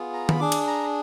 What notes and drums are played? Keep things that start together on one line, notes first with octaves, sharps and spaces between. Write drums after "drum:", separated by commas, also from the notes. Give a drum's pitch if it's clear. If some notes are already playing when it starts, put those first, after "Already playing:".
Already playing: B3 F4 G#4
A#5
B5, drum: tom D#3
D4 G#4 D6
drum: cymbal
A#5